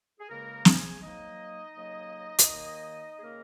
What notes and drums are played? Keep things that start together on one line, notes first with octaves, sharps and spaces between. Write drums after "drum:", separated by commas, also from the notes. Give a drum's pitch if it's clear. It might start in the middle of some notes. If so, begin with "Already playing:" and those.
G#4
C#2 C#3 G#3 A#3 A#4
G#4 G#5, drum: snare
G#2 F#3 A#3 D#4 D#5
D#2 C#3 F#3 A#3
drum: hi-hat
D#2 D#3 A#3
G#4
C#3 G#3 A#3 A#4